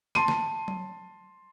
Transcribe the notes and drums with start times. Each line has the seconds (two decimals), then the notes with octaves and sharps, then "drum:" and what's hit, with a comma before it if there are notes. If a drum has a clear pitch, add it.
0.15 A5 C6 D#7, drum: snare
0.28 drum: snare
0.68 drum: tom F#3